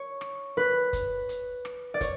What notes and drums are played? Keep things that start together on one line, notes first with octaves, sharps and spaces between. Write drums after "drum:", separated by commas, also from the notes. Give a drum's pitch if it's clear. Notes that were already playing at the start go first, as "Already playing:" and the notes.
Already playing: C#5
drum: rim click
B4
drum: kick, hi-hat
drum: hi-hat
drum: rim click
D5
C#5, drum: kick, hi-hat